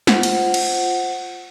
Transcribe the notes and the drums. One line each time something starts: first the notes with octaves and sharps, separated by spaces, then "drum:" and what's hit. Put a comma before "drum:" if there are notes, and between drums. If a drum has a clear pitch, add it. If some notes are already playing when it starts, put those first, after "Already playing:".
F4 C5 F#5, drum: snare
drum: cymbal
drum: cymbal